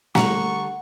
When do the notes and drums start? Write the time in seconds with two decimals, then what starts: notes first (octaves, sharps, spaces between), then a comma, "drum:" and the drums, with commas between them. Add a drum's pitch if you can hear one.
0.15 D3 G3 A#3 F#5 A#5 C#6, drum: snare